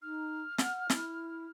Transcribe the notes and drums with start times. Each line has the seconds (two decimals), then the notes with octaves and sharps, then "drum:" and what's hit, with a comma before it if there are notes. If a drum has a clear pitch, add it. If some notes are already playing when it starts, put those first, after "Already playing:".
0.02 D#4 F6
0.58 F#5, drum: snare
0.90 E4, drum: snare